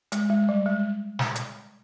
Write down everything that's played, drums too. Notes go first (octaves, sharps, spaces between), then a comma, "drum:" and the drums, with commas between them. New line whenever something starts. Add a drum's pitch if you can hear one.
G#3, drum: hi-hat
G#3
G3
G#3
drum: snare
drum: hi-hat